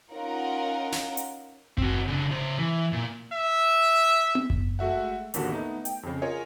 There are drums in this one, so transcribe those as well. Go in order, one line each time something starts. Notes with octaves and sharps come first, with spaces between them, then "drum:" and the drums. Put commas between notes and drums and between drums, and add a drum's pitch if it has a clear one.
C#4 D#4 F4 A#4 F#5
drum: snare
drum: hi-hat
C4 F#4, drum: kick F#1
C#3 D4
C#3 C5
E3
A#2
E5
drum: tom B3
drum: kick F#1
G#3 A3 F#4 E5 F#5
A1 D#2 D3 A#3 F#4 G4, drum: hi-hat
A3 B3 D#4
G5, drum: hi-hat
F2 C#3
F4 G#4 A#4 C#5 D#5 G#5